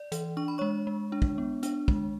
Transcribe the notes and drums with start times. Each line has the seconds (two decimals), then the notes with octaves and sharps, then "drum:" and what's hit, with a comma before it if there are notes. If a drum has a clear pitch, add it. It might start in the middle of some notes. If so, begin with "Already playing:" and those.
Already playing: D5
0.12 E3, drum: hi-hat
0.37 D4 C#6
0.48 B5
0.58 G#3 C#5 C#6
0.87 G#3
1.12 D4
1.22 drum: kick
1.38 B3
1.63 D4, drum: hi-hat
1.88 G#3, drum: kick